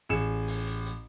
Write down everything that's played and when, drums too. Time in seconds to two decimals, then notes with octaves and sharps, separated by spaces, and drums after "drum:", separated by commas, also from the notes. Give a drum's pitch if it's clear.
0.09 A1 G#4 C#7 E7
0.47 drum: open hi-hat
0.66 drum: hi-hat
0.85 drum: hi-hat